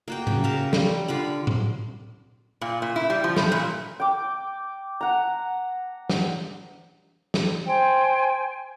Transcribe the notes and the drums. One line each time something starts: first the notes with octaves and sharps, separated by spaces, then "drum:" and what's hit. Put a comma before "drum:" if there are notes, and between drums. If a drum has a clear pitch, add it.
A#3 F#4 G5
C#3, drum: tom A2
C#3 A#4 A5
G3, drum: snare
D3 F4 B5
drum: tom A2
A#2
A#2
E4
G3
F3
A2, drum: snare
A#2
G5 D6
F#5 A#5
drum: snare
drum: snare
C5 G5 G#5